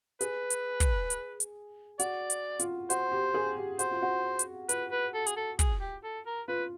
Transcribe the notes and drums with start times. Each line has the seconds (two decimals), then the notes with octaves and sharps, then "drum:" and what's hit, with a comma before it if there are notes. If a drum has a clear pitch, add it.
0.21 G#4 B4, drum: hi-hat
0.50 drum: hi-hat
0.80 drum: kick, hi-hat
1.10 drum: hi-hat
1.40 drum: hi-hat
1.99 F#4 D5, drum: hi-hat
2.30 drum: hi-hat
2.59 F4, drum: hi-hat
2.90 F#4 C5, drum: hi-hat
3.12 G4
3.34 G#4
3.57 G4
3.79 F#4 C5, drum: hi-hat
3.91 F4
4.02 F#4
4.39 drum: hi-hat
4.69 F4 B4, drum: hi-hat
4.91 B4
5.14 A4
5.27 G#4, drum: hi-hat
5.36 A4
5.59 G#4, drum: kick, hi-hat
5.81 G4
6.04 A4
6.26 A#4
6.48 F4 B4